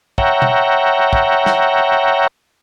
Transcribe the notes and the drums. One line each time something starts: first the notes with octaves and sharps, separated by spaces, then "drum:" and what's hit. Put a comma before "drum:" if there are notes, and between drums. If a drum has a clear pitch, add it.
C#5 E5 F#5 G5 A#5, drum: kick
drum: tom
drum: kick
drum: snare